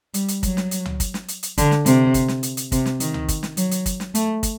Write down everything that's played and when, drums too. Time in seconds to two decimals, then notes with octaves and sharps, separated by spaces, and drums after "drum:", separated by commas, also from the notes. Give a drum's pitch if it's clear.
0.14 G3, drum: hi-hat
0.28 drum: hi-hat
0.43 F#3, drum: kick, hi-hat
0.57 drum: snare
0.71 drum: hi-hat
0.86 drum: tom C#2
1.00 drum: kick, hi-hat
1.14 drum: snare
1.28 drum: hi-hat
1.43 drum: hi-hat
1.58 D3, drum: kick, hi-hat
1.71 drum: snare
1.86 C3, drum: hi-hat
2.14 drum: kick, hi-hat
2.28 drum: snare
2.43 drum: hi-hat
2.57 drum: hi-hat
2.72 C3, drum: kick, hi-hat
2.86 drum: snare
3.00 D#3, drum: hi-hat
3.14 drum: tom C#2
3.28 drum: kick, hi-hat
3.43 drum: snare
3.57 F#3, drum: hi-hat
3.71 drum: hi-hat
3.86 drum: kick, hi-hat
4.00 drum: snare
4.15 A3, drum: hi-hat
4.43 drum: kick, hi-hat